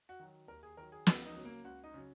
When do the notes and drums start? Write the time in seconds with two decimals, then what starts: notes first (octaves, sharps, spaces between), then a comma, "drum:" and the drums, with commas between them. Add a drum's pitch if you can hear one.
0.09 F#4
0.19 D#3 F#3
0.48 D#2 A#4
0.63 G#4
0.77 D#3 F#3 A#4
0.92 G#4
1.07 C#2 F#4, drum: snare
1.26 D#4
1.35 C#3 F#3
1.45 A#3
1.64 C#2 F#4
1.84 D#4
1.94 C#3 F#3